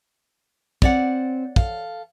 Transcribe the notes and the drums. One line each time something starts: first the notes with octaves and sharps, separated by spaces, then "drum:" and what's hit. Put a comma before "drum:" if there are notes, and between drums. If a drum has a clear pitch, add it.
C4 C#5 D5 F#5, drum: kick
A4 F5, drum: kick